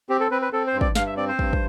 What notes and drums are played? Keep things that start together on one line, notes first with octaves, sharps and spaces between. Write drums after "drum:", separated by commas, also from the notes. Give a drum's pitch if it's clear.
C4 G4
A4
C4 B4
B4
C4 A4
C5
G2
D5, drum: kick
G2 F5, drum: snare
E5
C4 D5
C5
G2, drum: kick
drum: kick